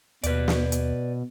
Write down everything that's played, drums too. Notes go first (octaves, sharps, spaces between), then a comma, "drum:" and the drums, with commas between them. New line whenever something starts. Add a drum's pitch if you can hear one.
D#2 B2 B4 D5, drum: hi-hat
drum: snare
drum: hi-hat